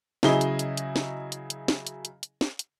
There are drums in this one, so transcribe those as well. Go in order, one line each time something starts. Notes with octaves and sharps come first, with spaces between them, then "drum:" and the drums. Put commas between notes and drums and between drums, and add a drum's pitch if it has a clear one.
C#3 F#3 E4 G#4 D#5 G7, drum: snare
drum: hi-hat
drum: hi-hat
drum: hi-hat
drum: snare
drum: hi-hat
drum: hi-hat
drum: snare
drum: hi-hat
drum: hi-hat
drum: hi-hat
drum: snare
drum: hi-hat